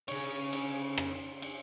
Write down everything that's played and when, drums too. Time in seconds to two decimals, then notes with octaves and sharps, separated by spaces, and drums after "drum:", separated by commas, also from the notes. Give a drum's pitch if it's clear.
0.08 C#3 C#5, drum: cymbal
0.53 drum: cymbal
0.98 drum: rim click
1.42 drum: cymbal